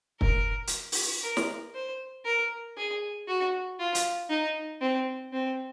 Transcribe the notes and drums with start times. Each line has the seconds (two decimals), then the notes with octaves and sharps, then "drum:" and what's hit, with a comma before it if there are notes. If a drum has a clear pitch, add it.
0.21 A#4, drum: kick
0.67 drum: hi-hat
0.92 drum: open hi-hat
1.23 A#4
1.37 drum: snare
1.75 C5
2.25 A#4
2.77 G#4
3.28 F#4
3.79 F4
3.95 drum: hi-hat
4.30 D#4
4.81 C4
5.33 C4